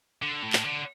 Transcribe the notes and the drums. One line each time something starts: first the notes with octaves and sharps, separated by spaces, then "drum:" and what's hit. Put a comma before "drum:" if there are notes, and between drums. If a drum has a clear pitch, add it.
D3
A2
drum: clap
D3